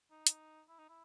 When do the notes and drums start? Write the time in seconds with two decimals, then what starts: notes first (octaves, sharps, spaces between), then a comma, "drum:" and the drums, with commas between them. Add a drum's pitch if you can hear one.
0.11 D#4
0.27 drum: hi-hat
0.68 E4
0.79 D#4
0.89 E4